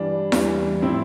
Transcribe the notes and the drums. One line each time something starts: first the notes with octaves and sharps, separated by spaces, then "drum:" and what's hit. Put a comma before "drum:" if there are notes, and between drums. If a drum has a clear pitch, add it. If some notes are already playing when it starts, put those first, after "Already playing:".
Already playing: G2 E3 G3 D4
E2 E3 G3, drum: snare E4
A2 F3 C4 E4